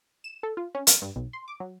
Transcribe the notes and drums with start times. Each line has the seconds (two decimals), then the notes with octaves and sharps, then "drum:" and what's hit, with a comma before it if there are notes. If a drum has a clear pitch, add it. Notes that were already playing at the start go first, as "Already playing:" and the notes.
0.24 E7
0.43 A4
0.57 F4
0.75 C#4
0.87 F6, drum: hi-hat
1.02 G2
1.16 B1
1.33 C6
1.48 D6
1.60 F#3